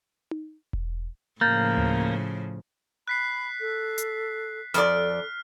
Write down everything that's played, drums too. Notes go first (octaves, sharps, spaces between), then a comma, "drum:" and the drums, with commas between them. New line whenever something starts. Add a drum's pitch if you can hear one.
drum: tom D#4
drum: kick E1
A2 C#3 F3 A#3 G6 A6
drum: tom D2
B5 F#6 B6 C7
A4
drum: hi-hat
F2 A4 D5 F6, drum: snare